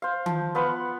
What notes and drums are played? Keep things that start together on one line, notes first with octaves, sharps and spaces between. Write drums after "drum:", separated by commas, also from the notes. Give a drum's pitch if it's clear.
C5 F5
F3, drum: tom D#3
B3 F4 B4 F#5